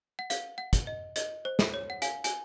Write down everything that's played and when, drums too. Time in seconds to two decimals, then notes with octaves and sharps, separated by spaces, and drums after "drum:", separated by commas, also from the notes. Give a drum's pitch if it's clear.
0.19 F#5
0.30 F5, drum: hi-hat
0.58 F#5
0.73 drum: kick, hi-hat
0.87 D#5
1.16 D#5, drum: hi-hat
1.45 C5
1.59 drum: snare
1.74 C#5
1.90 F#5
2.02 F5 G#5, drum: hi-hat
2.24 G#5, drum: hi-hat